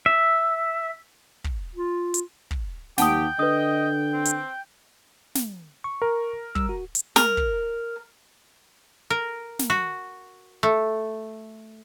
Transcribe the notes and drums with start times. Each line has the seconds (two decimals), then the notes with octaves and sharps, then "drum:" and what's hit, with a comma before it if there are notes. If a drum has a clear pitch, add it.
0.06 E5
1.44 drum: kick
1.75 F4
2.14 drum: hi-hat
2.51 drum: kick
2.98 D#2 G4 F#5 G5 A5 D#6, drum: snare
3.39 D3 B4 D#5 D#6
4.14 C4
4.25 drum: hi-hat
5.35 drum: snare
5.84 C#6
6.02 A#4
6.55 G3 E6, drum: kick
6.69 F#4
6.95 drum: hi-hat
7.16 A#4, drum: snare
7.37 drum: kick
9.10 A#4
9.59 drum: snare
9.70 F#4
10.63 A3